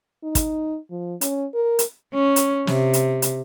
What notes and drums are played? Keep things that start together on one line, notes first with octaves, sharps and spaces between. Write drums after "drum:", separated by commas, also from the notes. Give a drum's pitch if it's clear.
D#4
drum: kick, hi-hat
F3
C#4, drum: hi-hat
A#4
drum: hi-hat
C#4
drum: hi-hat
C3, drum: snare
drum: hi-hat
drum: hi-hat